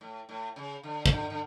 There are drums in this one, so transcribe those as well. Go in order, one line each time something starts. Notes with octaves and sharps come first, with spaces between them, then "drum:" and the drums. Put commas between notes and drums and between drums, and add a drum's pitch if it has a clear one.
A2
A2
C#3
D3
C#3, drum: kick
D3
D3